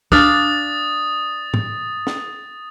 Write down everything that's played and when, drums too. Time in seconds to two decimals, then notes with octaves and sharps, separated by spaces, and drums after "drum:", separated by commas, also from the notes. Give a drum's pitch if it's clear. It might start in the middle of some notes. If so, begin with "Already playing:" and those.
0.12 D4 F5 D#6 A6, drum: kick
1.54 drum: tom G#2
2.07 drum: snare